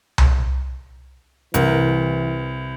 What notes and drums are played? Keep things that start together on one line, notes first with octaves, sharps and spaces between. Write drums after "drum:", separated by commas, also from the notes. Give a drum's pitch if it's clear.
drum: tom C2
C2 E3 A#4, drum: hi-hat